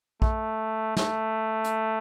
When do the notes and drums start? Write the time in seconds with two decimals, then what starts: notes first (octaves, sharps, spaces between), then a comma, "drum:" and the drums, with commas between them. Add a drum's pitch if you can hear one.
0.22 A3, drum: kick
0.97 A3, drum: snare
1.64 drum: hi-hat